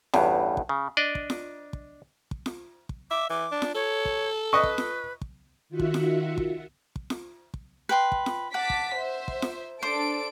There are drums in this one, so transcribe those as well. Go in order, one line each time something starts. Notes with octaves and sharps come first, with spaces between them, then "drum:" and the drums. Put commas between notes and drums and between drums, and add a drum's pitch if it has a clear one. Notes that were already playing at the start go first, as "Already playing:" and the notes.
A1 E2 G2, drum: snare
drum: kick
C#3
D4 D5 D#5
drum: kick
drum: snare
drum: kick
drum: kick
drum: snare
drum: kick
E5 D6
E3 D6
D4
drum: snare
A4 C#5
drum: kick
B4 D#5 C#6
drum: kick
drum: snare
drum: kick
D#3 F4 F#4 E5 F#5
drum: kick
drum: snare
drum: kick
drum: kick
drum: snare
drum: kick
B4 G5 C6
drum: kick
drum: snare
F#5 A5 D6 B6
drum: kick
C5 E5
drum: kick
drum: snare
D4 A4 C5 D6 D7